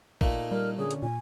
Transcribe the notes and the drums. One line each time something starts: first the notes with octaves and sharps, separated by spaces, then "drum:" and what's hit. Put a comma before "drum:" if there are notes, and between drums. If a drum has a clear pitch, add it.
A#2 A3 A#3 D#4, drum: kick
G3 A#4
D3 C#4 G#4
drum: hi-hat
A#2 G#5